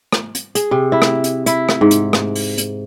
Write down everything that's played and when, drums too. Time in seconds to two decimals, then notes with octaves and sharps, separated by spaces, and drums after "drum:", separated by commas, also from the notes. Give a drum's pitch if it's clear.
0.12 drum: rim click
0.35 drum: hi-hat
0.55 G#4, drum: hi-hat
0.71 C3
0.92 E4
1.02 drum: rim click
1.24 drum: hi-hat
1.46 E4, drum: hi-hat
1.69 drum: rim click
1.81 G#2
1.91 drum: hi-hat
2.13 drum: rim click
2.36 drum: open hi-hat
2.58 drum: hi-hat